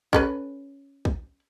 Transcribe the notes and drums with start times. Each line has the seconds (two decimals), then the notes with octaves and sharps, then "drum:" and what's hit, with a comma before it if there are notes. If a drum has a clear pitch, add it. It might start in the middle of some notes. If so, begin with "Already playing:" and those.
0.13 C#4 A4 B4, drum: kick
1.05 drum: kick